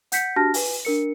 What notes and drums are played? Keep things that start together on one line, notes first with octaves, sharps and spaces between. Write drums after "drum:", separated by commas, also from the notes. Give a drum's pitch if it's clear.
F#5 G6 B6 C#7, drum: hi-hat
D4 F#4 G4 A5 F6 A#6
B4 G#5, drum: open hi-hat
D4 A#4 C#7